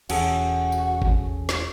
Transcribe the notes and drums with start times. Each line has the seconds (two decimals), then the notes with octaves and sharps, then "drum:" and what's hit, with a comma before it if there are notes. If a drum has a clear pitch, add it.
0.10 E1 E2 C#4 F#4 G#4 A4, drum: cymbal
0.72 drum: tambourine
1.02 drum: kick
1.49 drum: snare